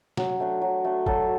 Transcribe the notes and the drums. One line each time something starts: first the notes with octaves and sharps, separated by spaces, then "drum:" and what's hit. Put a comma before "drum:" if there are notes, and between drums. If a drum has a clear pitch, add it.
F#3, drum: snare
A3 D4
F#3
A3 D4
F#3 A4, drum: kick G1